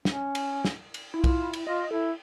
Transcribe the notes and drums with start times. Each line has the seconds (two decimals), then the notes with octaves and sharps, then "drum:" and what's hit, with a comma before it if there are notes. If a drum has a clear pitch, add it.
0.05 C#4, drum: snare
0.35 drum: cymbal
0.65 drum: snare
0.94 drum: cymbal
1.14 E4 F4
1.24 drum: kick B1, cymbal
1.53 drum: cymbal
1.67 F4 D#5
1.91 E4 A4